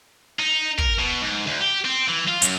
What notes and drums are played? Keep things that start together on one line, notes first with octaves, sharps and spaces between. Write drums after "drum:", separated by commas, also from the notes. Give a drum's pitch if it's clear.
D#4
A#4, drum: kick
B2
G#2
D2
G4
C4
E3
F4
F#2, drum: hi-hat